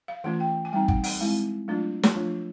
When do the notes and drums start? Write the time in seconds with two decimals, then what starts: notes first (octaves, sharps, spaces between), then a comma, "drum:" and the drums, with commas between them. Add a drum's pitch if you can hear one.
0.08 F5
0.24 E3 A3 C#4 F4 F#5
0.40 G5
0.65 G#5
0.72 G3 C4 D#4 G5
0.88 F#5, drum: kick
1.04 F#5, drum: open hi-hat
1.20 G#3 C4 E4 F5
1.68 F#3 A3 D4 F4
2.03 drum: snare
2.15 F3 A3 D4 F4